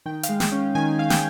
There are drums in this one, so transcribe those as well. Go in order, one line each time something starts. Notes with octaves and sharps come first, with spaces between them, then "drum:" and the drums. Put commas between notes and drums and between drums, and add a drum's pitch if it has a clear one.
D#3 G5
F5, drum: hi-hat
G#3
G5, drum: snare
C#4
D#3 G#5
D#3 F5
G5, drum: snare